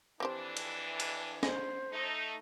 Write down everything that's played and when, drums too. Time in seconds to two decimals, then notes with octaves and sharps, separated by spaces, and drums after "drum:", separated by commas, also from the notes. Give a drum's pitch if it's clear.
0.20 F2 E3 C4 D4 G4 C5
0.57 drum: cymbal
1.00 drum: cymbal
1.43 C5 D#5 G#5, drum: snare
1.92 A3 D#4